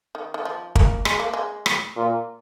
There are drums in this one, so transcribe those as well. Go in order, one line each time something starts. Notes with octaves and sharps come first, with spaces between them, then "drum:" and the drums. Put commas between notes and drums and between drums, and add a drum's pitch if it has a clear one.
D#3
D#3
F3
A#3, drum: kick
G#3, drum: rim click
A#3
G#3
drum: rim click
A#2